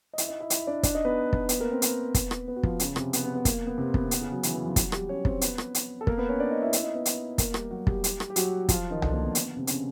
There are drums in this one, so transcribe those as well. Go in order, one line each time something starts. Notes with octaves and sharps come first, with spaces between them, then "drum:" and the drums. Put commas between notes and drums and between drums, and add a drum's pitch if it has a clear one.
D#5
E4 E5, drum: hi-hat
D#4 D#5
E4 E5
E4 E5, drum: hi-hat
D4 D5
D4 D5, drum: kick, hi-hat
D#4 D#5
B3 B4
drum: kick
B3 B4, drum: hi-hat
A#3 A#4
C4 C5
B3 B4, drum: hi-hat
drum: kick, hi-hat
drum: rim click
B3 B4
F#4
F3 F4, drum: kick
C#3 C#4, drum: hi-hat
C3 C4, drum: rim click
B3, drum: hi-hat
B3
B3
A#3, drum: kick, hi-hat
B3
C3 C4
B3, drum: kick
C4
B3, drum: hi-hat
C#3 C#4
F#3 F#4
E3 E4, drum: hi-hat
E3 E4
F3 F4
F#3 F#4, drum: kick, hi-hat
G3 G4, drum: rim click
C#4 C#5
C4 C5, drum: kick
B3 B4, drum: hi-hat
drum: rim click
drum: hi-hat
A4
A#3 A#4, drum: kick
B3 B4
C#4 C#5
D4 D5
D#4 D#5
E4 E5
E4 E5, drum: hi-hat
D#4 D#5
B3 B4
drum: hi-hat
A#3 A#4, drum: kick, hi-hat
G3 G4, drum: rim click
F#3 F#4
G3 G4, drum: kick
drum: hi-hat
drum: rim click
G4
F#3 F#4, drum: hi-hat
F3 F4, drum: kick, hi-hat
D#3 D#4
D3 D4, drum: tom C2
A#3
B3
B3, drum: hi-hat
B3
C3 C4
C#3 C#4, drum: hi-hat